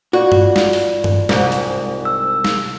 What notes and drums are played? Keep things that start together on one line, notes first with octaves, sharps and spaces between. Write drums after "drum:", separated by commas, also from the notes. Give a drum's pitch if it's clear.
F4 F#4 D5
drum: tom G2
drum: snare
drum: open hi-hat
drum: tom G2
C2 G#2, drum: snare
drum: open hi-hat
E6
drum: snare